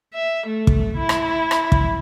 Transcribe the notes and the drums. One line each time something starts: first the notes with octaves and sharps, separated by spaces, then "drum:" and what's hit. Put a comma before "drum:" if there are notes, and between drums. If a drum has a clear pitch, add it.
E5
A3
drum: kick
E4
drum: rim click
drum: rim click
drum: kick